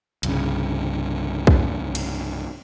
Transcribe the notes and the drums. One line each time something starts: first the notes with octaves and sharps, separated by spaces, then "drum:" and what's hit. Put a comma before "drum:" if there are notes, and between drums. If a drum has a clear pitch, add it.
C2 G2 C#3, drum: hi-hat
drum: kick B1
drum: cymbal